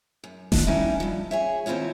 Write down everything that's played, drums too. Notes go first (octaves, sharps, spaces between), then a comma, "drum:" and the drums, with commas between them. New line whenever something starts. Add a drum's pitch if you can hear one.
F#2
D4 F4 D#5 A5, drum: snare D#1
G3 B3 C#4 D#4 E4
G2 F3
G#4 C#5 E5
D#2 C4 E4 F4 C#5